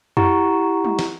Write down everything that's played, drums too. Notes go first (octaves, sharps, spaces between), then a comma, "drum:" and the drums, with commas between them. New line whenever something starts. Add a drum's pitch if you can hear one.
E4 G4 F#5 A#5 C#6, drum: tom F2
drum: tom G3
drum: snare